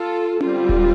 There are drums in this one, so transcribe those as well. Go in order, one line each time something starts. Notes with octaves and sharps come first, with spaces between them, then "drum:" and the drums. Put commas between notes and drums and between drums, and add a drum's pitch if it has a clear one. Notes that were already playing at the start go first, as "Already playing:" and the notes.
Already playing: F4 A4
D3 G3 C4 F4, drum: tom C#4
drum: kick D#1